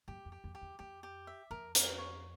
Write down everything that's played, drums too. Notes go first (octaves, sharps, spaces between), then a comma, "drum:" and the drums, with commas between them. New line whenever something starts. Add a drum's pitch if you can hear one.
F#2 G4
F2
G4
F2
G4
E2
F2 G4
G4
E5
F2 A#4
A#4, drum: hi-hat
C#5